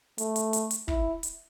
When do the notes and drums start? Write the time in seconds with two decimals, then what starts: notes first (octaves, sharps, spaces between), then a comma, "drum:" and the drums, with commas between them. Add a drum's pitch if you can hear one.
0.18 A3, drum: hi-hat
0.36 drum: hi-hat
0.53 drum: hi-hat
0.71 drum: hi-hat
0.88 E4, drum: kick
1.23 drum: hi-hat